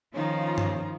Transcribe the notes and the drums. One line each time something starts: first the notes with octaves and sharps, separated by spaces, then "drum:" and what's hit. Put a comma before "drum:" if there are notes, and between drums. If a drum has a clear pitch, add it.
D#3 F3 C#4 D#4 F4 A#5
drum: tom G2